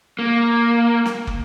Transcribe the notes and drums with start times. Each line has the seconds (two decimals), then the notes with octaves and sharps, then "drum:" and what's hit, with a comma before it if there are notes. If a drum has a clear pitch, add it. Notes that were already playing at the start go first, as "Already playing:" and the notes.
0.19 A#3
1.06 drum: snare
1.27 drum: kick